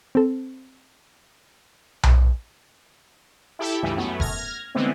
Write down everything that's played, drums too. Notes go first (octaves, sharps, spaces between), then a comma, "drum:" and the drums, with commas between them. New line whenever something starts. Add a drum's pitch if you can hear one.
C4 A4
drum: tom B1
E4 G4 A4 E5
C#2 G2 E3 G3 A3
F#2 A3 B3
F6 G#6 A#6, drum: kick F1
D3 E3 G#3 A3 B3 C4